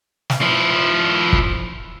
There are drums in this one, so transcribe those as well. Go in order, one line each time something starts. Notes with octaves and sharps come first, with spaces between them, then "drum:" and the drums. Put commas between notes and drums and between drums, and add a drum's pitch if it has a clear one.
drum: snare
F3 E4
drum: kick